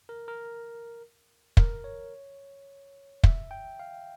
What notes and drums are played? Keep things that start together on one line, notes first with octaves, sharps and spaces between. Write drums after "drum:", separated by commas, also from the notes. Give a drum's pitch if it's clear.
A#4
A#4
A#4, drum: kick
C#5
E5, drum: kick
G5
F5